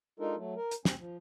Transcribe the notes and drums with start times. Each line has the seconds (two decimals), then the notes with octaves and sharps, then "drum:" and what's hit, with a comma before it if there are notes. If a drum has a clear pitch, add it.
0.20 G#3 D4 D#4 F4 A4 A#4
0.36 F#3 A3
0.57 A#4
0.71 drum: hi-hat
0.85 D2 C4 G#5, drum: snare
0.98 F3